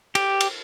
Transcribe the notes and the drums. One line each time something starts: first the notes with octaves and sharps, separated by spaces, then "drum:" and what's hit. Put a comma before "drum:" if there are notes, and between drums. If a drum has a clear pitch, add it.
G4, drum: cymbal
drum: cymbal